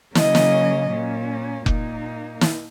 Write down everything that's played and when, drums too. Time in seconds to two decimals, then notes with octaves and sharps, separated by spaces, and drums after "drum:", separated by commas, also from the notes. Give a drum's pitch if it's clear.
0.15 C#3 F#3 A#3 C#4 D#5, drum: snare
0.35 drum: snare
0.91 A#2 A#3 C#4
1.66 A#2 A#3 D#4, drum: kick F1
2.41 drum: snare